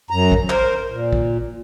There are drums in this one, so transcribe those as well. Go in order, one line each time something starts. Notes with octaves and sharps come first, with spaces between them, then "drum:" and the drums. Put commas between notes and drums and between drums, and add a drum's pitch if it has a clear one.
F#2 A#5
drum: kick
A#4 C5, drum: clap
A#2
drum: kick